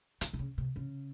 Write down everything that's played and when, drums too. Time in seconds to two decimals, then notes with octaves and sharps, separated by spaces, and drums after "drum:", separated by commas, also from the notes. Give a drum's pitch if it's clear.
0.21 D#3, drum: hi-hat
0.33 C3
0.39 C#3
0.58 C3
0.76 C#3